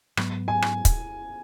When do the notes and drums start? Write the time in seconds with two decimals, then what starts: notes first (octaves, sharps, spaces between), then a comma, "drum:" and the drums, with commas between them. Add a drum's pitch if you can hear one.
0.17 G#2 F#3 B3, drum: rim click
0.48 G#5
0.62 drum: rim click
0.85 drum: kick, hi-hat